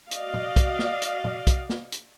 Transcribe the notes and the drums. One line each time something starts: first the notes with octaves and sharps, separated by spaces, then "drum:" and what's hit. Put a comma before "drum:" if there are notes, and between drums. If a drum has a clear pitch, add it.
F#4 D5 D#5 F5, drum: hi-hat
drum: tom
drum: kick, hi-hat
drum: snare
drum: hi-hat
drum: tom
drum: kick, hi-hat
drum: snare
drum: hi-hat